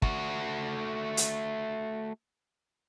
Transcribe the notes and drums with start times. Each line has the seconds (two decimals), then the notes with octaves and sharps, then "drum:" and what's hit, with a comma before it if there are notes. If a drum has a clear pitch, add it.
0.02 A3 F#4, drum: kick
1.17 drum: hi-hat